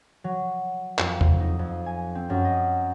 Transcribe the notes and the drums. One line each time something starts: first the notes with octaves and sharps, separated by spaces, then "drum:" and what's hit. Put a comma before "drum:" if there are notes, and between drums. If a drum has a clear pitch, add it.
F#3
F2, drum: clap
drum: tom E2
D#4
F2
G#5
C4
F#2
D#5